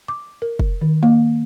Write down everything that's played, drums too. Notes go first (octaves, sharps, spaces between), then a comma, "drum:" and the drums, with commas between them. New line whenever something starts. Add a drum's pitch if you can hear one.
D6
A#4
drum: kick
D#3
A#3